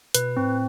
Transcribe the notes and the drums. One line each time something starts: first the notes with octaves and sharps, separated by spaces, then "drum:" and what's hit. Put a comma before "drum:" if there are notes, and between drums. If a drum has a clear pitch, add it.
B2 B4, drum: hi-hat
G#2 C4
A2